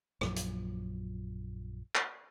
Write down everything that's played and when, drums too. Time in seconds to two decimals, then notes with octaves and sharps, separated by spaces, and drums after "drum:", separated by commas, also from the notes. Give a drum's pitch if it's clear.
0.21 A#1 F#2 F3 F#3, drum: rim click
0.36 drum: hi-hat
1.95 drum: clap